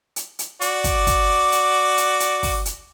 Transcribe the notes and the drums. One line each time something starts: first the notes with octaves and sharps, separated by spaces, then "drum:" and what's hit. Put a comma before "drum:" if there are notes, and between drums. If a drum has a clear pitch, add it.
drum: hi-hat
drum: hi-hat
F#4 D5 D6, drum: hi-hat
drum: kick, hi-hat
drum: kick, hi-hat
drum: hi-hat
drum: hi-hat
drum: hi-hat
drum: kick, open hi-hat
drum: hi-hat